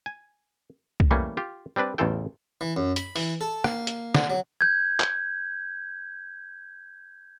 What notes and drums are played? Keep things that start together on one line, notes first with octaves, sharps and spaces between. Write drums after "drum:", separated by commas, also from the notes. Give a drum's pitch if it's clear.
G#5
drum: kick C2
E3 G3 A3 A#3 C#4
F4 G4
G3 C4 D4 B4 D5
A1 E2 C#3 F4 A4 G5
E3
F#2
B5, drum: hi-hat
E3, drum: open hi-hat
A4
A#3, drum: rim click
drum: hi-hat
D3, drum: snare
F#3
G6 G#6
drum: clap